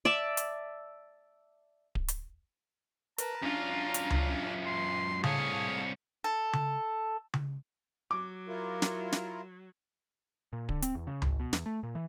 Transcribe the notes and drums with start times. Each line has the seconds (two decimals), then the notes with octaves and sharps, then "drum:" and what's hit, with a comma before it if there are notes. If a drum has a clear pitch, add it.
0.05 D5 E5 A5
0.37 drum: hi-hat
1.95 drum: kick D1
2.08 drum: hi-hat
3.18 A#4 B4 A5 A#5, drum: hi-hat
3.42 F#2 C#4 D4 F4
3.94 drum: hi-hat
4.10 drum: tom C#2
4.66 C6
5.24 C2 A2 G#4 C#5 F5 A5, drum: tom C#3
6.24 A4
6.53 drum: tom C#3
7.34 drum: tom C#3
8.11 F#3 D6
8.48 E4 F4 A#4
8.82 drum: snare
9.12 drum: snare
10.53 A#2
10.69 D3, drum: kick D1
10.82 C4, drum: hi-hat
10.95 E2
11.07 C#3
11.22 G#1, drum: tom C#2
11.40 B2
11.53 E2, drum: snare
11.66 A3
11.83 A#2
11.95 E3